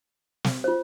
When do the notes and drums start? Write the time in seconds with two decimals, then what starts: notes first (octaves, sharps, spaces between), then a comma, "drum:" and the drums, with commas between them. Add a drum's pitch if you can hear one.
0.44 drum: snare
0.64 F4 C5